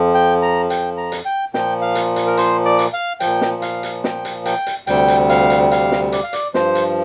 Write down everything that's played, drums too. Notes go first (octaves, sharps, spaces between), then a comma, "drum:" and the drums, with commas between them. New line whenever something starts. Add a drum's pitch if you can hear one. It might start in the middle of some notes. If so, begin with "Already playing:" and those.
Already playing: F2 F3
G5
A#5
G5, drum: hi-hat
A#5
drum: hi-hat
G5
A#2 F3 G5, drum: snare
F5
drum: hi-hat
drum: hi-hat
A#4
C5, drum: hi-hat
D5
drum: hi-hat
F5
A#2 F3 G5, drum: hi-hat
drum: snare
F5, drum: hi-hat
drum: hi-hat
G5, drum: snare
drum: hi-hat
G5, drum: hi-hat
drum: hi-hat
D2 C3 G3 G5, drum: hi-hat
drum: hi-hat
F5, drum: hi-hat
drum: hi-hat
F5, drum: hi-hat
drum: snare
D5, drum: hi-hat
F5
D5, drum: hi-hat
G2 F3 C5, drum: snare
drum: hi-hat